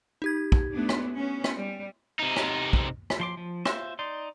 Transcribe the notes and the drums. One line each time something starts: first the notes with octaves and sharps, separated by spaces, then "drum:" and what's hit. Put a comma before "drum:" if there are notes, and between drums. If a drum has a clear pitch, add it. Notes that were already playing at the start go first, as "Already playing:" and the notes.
D#4 G4 G#6
drum: kick
A3 B3 D4
drum: rim click
B3 C#4
drum: rim click
G3
C3 D#4
drum: rim click
drum: kick
drum: rim click
F3 C6 D6
F3
F4 C5 E5, drum: rim click
D#4 D5 C6